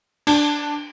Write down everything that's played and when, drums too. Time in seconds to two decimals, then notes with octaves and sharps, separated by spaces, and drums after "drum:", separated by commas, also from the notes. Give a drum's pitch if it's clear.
0.27 D4, drum: cymbal